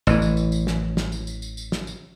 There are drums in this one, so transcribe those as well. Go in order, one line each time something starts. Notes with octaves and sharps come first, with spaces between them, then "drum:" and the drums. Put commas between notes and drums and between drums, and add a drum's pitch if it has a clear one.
A1 E3, drum: tambourine
drum: tambourine
drum: tambourine
drum: tambourine
drum: snare
drum: snare
drum: tambourine
drum: tambourine
drum: tambourine
drum: tambourine
drum: snare
drum: tambourine